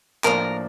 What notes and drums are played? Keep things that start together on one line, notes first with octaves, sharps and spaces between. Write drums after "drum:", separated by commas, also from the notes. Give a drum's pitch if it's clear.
A2 F3 A#3 D4 A#4, drum: clap